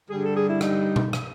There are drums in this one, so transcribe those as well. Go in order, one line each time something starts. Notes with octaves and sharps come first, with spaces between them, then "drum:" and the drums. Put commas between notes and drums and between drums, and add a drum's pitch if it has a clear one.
G2 D3 G3 G#4
A4
G#4
E4
D#4, drum: rim click
drum: tom B2
drum: rim click